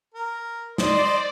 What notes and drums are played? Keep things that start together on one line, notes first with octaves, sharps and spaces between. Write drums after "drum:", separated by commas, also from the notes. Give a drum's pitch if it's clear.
A#4
C5 D5 D#5 C6, drum: snare